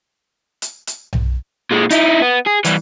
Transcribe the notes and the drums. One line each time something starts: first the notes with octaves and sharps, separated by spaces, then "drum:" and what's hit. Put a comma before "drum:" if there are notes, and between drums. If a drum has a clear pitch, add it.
drum: hi-hat
drum: hi-hat
drum: tom B1
A#2 G#3
D#4 E4, drum: hi-hat
B3
G#4
E3 G3, drum: hi-hat